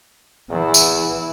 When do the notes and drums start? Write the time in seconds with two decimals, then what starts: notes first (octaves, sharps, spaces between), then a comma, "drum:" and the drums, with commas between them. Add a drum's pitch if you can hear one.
0.51 E2 E3 E4
0.74 drum: tambourine